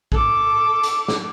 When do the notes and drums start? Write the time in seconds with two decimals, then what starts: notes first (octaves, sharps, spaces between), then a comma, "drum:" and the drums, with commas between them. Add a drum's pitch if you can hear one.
0.12 A4 D6, drum: kick A1
0.83 drum: hi-hat
1.08 drum: snare